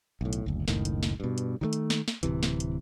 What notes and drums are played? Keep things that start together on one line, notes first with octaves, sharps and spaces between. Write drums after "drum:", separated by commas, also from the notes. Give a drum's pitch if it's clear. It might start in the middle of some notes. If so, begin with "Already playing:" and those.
B1 A2
drum: hi-hat
F#1 D2
F#1 C#2 A2 D#3, drum: snare
drum: hi-hat
drum: snare
G2 B2
drum: hi-hat
D#3 F#3 A3
drum: hi-hat
drum: snare
drum: snare
D1 B1 C3 E3, drum: hi-hat
drum: snare
drum: hi-hat